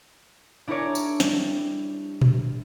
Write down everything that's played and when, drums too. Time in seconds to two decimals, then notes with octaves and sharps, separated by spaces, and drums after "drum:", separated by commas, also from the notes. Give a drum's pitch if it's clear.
0.68 D4 E4 G#4 A#4 C#5 D5
0.95 drum: tambourine
1.20 G3, drum: snare
2.21 drum: tom A#2